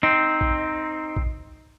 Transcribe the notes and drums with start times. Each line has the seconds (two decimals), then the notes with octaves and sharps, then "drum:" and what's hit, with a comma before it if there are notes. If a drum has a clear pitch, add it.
0.03 C4 D#4
0.41 drum: kick A#1
1.17 drum: kick A#1